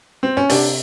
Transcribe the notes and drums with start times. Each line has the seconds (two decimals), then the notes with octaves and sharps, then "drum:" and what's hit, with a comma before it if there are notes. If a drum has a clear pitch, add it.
0.23 C4
0.37 C#4
0.49 C3 D4, drum: open hi-hat